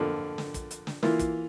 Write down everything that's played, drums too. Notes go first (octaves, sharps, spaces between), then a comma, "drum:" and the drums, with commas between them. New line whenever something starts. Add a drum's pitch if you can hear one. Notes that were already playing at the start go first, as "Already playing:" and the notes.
Already playing: F2 D3 F3 A#3
drum: snare
drum: kick, hi-hat
drum: hi-hat
drum: snare
E3 A#3 F4, drum: snare
drum: kick, hi-hat